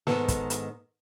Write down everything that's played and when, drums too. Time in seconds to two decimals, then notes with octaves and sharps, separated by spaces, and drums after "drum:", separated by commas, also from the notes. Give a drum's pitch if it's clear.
0.07 G#2 D#3 G#3 B3 A4, drum: snare
0.28 drum: kick, hi-hat
0.50 drum: hi-hat